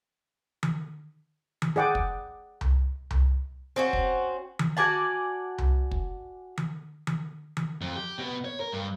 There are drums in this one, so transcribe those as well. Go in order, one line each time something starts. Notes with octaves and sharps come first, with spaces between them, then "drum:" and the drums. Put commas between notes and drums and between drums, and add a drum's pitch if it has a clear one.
drum: tom D#3
drum: tom D#3
G#4 D5 F#5 G5 D6
drum: kick
drum: tom C2
drum: tom C2
C4 C#4 F#4
drum: kick
drum: tom D#3
F#4 D5 G#5 A5
drum: tom C2
drum: kick
drum: tom D#3
drum: tom D#3
drum: tom D#3
F2
G4
B2 B3
C#5
A#4
G2